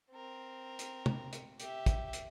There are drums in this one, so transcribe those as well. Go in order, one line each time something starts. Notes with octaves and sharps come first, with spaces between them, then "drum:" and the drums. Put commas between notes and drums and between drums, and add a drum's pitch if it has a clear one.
C4 A#4
drum: hi-hat
drum: tom
drum: hi-hat
G4 E5, drum: hi-hat
drum: kick, hi-hat
drum: hi-hat